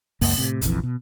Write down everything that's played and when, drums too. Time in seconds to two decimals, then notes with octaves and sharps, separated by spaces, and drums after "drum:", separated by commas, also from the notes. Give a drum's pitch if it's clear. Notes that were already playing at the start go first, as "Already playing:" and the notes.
0.21 C#2 F#2 A#3, drum: open hi-hat
0.37 A2 C3
0.61 F1 A#1 F2 E3, drum: hi-hat
0.83 B2